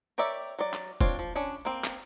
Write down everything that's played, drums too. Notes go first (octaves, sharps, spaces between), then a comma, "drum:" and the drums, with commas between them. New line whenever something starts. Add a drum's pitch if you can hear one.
G4 A#4 C#5 D5 E5
F#3 D5
drum: clap
C4 D4 F4 C#5, drum: kick E1
F3
C#4 D4 B5
A#3 C4
drum: clap